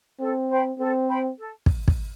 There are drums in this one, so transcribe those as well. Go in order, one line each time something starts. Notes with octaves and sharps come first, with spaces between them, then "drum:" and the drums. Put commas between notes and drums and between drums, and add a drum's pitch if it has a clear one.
C4 A4
C5 G5 B5
C4 A4
C5 G5 B5
A4
drum: kick
drum: kick